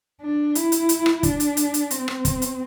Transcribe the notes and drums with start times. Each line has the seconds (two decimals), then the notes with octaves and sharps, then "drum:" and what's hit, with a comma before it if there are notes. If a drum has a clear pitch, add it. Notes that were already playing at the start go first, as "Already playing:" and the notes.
0.21 D4
0.55 E4, drum: hi-hat
0.72 drum: hi-hat
0.89 drum: hi-hat
1.06 drum: rim click
1.23 D4, drum: kick, hi-hat
1.40 drum: hi-hat
1.57 drum: hi-hat
1.74 drum: hi-hat
1.91 C4, drum: hi-hat
2.08 drum: rim click
2.25 drum: kick, hi-hat
2.42 drum: hi-hat